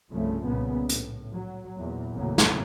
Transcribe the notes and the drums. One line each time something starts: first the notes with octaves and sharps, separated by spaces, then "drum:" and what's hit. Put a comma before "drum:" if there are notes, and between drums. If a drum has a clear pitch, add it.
C2 G2 C#3 F3 A3
C2 A#2 C#3 B3
A2, drum: hi-hat
F#3
E2 A#2
G#1 E2 A2 C#3 F#3 A#3
drum: snare